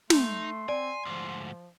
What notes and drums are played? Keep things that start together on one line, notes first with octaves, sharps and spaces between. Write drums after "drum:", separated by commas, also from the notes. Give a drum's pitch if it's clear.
A3 D#4 C6, drum: snare
C4 D5 G#5
D2 G#2 F3